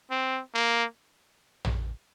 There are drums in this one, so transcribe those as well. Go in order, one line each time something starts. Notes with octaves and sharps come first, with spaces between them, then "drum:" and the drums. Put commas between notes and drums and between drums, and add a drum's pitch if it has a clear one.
C4
A#3
drum: tom